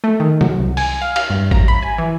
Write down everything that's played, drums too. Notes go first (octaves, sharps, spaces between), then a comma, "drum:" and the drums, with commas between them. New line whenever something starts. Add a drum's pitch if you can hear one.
A3
D#3
F#3, drum: tom C3
C2
G#5, drum: open hi-hat
F5
F5, drum: cymbal
G2
A#5, drum: kick G#1
B5
G#5
E3